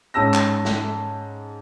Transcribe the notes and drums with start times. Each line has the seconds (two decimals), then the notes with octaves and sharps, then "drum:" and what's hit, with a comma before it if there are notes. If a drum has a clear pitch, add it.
0.14 G#2 C#4 A5 E6 A#6
0.34 drum: clap
0.65 drum: snare